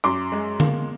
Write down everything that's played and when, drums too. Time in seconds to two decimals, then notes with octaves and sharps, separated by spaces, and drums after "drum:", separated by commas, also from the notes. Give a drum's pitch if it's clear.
0.04 F#2 C6 D6
0.32 G#3
0.60 A#3, drum: tom D3